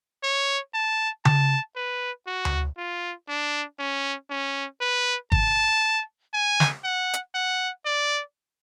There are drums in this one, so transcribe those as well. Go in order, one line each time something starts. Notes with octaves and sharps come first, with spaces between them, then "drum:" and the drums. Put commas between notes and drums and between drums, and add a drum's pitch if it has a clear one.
C#5
A5
A5, drum: tom C#3
B4
F#4
drum: tom D2
F4
D4
C#4
C#4
B4
A5, drum: kick
G#5
drum: snare
F#5
drum: hi-hat
F#5
D5